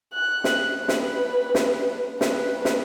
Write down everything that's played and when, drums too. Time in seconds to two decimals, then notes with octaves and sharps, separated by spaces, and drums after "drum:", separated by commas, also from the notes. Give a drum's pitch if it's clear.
0.14 F#6
0.44 drum: snare
0.77 B4
0.88 drum: snare
1.55 drum: snare
2.21 B4, drum: snare
2.65 drum: snare